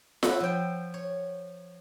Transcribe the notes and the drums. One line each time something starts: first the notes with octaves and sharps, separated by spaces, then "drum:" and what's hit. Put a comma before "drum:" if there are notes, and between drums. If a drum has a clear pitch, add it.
F4 C#5 E5 F#5 B5, drum: snare F4
F3 G5
C#5